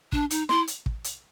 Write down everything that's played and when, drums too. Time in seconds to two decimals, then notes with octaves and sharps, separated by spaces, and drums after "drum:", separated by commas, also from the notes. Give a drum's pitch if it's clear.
0.12 D4, drum: kick
0.30 D#4, drum: hi-hat
0.49 E4 C6, drum: snare
0.67 drum: hi-hat
0.86 drum: kick
1.04 drum: hi-hat